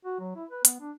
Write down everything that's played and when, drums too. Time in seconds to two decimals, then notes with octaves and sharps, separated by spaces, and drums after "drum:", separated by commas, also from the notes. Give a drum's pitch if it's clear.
0.05 F#4
0.20 F#3
0.36 E4
0.50 B4
0.65 B3, drum: hi-hat
0.81 D4